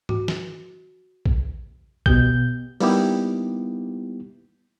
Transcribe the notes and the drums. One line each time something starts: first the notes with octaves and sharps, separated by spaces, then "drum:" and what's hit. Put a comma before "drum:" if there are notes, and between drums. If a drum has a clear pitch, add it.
F#4, drum: tom G#2
drum: snare
drum: kick A#1
B2 B3 G4 G6, drum: kick A#1
G3 A#3 B3 D#4 E4 G4, drum: open hi-hat